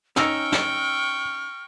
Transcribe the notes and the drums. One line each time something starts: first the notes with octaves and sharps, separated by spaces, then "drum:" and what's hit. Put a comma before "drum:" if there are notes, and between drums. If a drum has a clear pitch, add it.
C#4 D#4 G5 C#6 E6 F6 A#6, drum: snare
drum: snare